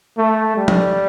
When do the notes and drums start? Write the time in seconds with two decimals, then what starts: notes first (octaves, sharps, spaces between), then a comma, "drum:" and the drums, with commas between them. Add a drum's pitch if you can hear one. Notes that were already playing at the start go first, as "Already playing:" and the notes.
0.18 A3
0.57 G3
0.68 drum: tom F3